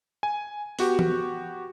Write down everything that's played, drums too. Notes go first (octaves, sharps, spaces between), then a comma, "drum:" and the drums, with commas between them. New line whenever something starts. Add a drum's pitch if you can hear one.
G#5
B3 F#4 G4, drum: open hi-hat
drum: tom E3